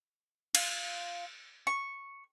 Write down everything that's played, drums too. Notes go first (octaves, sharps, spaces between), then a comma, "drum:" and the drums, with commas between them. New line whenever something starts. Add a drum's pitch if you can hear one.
F4, drum: cymbal
C#6